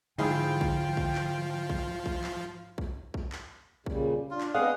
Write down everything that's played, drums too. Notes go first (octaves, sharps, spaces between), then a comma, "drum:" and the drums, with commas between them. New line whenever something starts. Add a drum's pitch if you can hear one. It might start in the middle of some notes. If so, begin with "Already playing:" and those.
G#2 D3 F3 E4 F4 G#4 G5
drum: kick A#1
drum: kick A#1
drum: clap
drum: kick A#1
drum: kick A#1
drum: clap
drum: kick A#1
drum: kick A#1
drum: clap
A#2 C#3 G3, drum: kick A#1
D4 F4
drum: clap
B3 C4 G#4 D5 D#5 F5 F#5 D#6